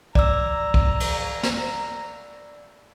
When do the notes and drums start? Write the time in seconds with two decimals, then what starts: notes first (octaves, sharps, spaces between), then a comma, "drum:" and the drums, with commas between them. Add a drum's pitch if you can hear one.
0.15 D5 A#5 E6, drum: kick
0.74 drum: kick
1.00 drum: cymbal
1.43 drum: snare